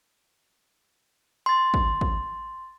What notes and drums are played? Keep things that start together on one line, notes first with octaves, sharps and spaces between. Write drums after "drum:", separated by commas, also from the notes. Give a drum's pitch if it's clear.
C6 A6
drum: kick
drum: kick